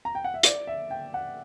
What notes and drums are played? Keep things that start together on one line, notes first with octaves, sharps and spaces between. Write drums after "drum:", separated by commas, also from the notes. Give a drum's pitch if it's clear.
A#5
G5
F#5
E5
D5, drum: hi-hat
E5
G5
F#5